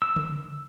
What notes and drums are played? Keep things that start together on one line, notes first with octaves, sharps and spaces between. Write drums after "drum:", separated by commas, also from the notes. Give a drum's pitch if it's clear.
E6
drum: tom C#3